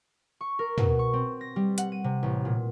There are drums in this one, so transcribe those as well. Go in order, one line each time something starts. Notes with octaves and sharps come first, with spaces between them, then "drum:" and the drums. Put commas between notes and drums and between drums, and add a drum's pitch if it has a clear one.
C#6
A#4
B2, drum: tom
C#6
C4
A#6
G3
F#5, drum: hi-hat
D#7
C3
A1
A#2